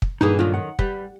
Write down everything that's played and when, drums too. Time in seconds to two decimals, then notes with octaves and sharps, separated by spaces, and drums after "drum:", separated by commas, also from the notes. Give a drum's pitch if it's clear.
0.02 drum: kick
0.21 G2 A#2 D3 E3 D#4 G#4
0.39 F#2 D#3 D4 F4
0.54 F#5
0.79 G3 B4, drum: kick